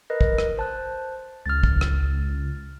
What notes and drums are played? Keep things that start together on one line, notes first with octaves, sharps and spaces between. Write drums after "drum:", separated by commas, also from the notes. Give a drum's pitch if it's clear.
A#4 B4 D#5
drum: kick
drum: rim click
C5 A5 F#6
C#2 F6 A6
drum: kick
drum: rim click